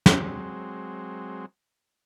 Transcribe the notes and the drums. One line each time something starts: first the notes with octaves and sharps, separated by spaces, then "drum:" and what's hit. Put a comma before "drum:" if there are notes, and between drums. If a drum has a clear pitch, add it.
F#3 G#3 C4, drum: snare